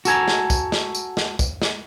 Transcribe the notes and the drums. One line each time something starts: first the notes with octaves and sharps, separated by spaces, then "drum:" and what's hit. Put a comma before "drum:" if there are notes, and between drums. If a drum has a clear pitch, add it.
F#4 A4 G#5 A#5, drum: tambourine
drum: snare
drum: kick, tambourine
drum: snare
drum: tambourine
drum: snare
drum: kick, tambourine
drum: snare